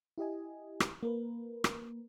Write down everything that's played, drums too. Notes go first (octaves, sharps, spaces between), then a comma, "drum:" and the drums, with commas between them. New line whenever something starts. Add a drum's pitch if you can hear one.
E4 G4 D#5 G#5
drum: rim click
A#3 A#4 B4
drum: rim click